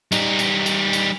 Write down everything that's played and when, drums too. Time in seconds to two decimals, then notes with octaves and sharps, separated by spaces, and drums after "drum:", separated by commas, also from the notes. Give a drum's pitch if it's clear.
0.12 G3 D#4, drum: cymbal
0.39 drum: cymbal
0.66 drum: cymbal
0.93 drum: cymbal